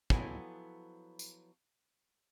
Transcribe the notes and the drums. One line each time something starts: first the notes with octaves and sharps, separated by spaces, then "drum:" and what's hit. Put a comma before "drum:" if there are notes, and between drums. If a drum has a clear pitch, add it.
F3 F#3 B3 E4 A4 G#5, drum: kick
drum: tambourine